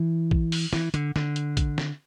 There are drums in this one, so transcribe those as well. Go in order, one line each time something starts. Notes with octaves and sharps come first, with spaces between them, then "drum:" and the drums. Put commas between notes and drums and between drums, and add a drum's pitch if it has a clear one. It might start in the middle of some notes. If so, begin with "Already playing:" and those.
Already playing: E3
drum: kick A#1
drum: open hi-hat
E3, drum: snare
D3, drum: hi-hat
D3, drum: snare
drum: hi-hat
drum: kick A#1, hi-hat
drum: snare